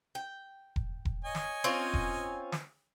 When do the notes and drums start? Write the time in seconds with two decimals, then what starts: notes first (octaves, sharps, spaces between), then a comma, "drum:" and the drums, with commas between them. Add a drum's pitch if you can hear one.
0.15 G5
0.76 drum: kick E1
1.05 drum: kick E1
1.25 C#5 D#5 G#5
1.35 drum: snare
1.64 C4 C#4 F4
1.94 drum: kick E1
2.52 drum: snare